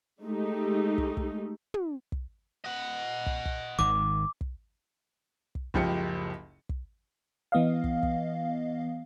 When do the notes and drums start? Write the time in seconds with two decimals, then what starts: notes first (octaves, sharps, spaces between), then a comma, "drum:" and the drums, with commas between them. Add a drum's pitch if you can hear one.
0.22 G#3 A3 D#4 G4
0.98 drum: kick
1.17 drum: kick
1.74 drum: tom
2.12 drum: kick
2.65 D#5 F#5
3.26 drum: kick
3.45 drum: kick
3.79 G#1 D#3 D6
4.41 drum: kick
5.55 drum: kick
5.74 F#1 C#2 F3 G4 C#7, drum: kick
6.69 drum: kick
7.52 E3 B3 D#5 F5
7.84 drum: kick
8.03 drum: kick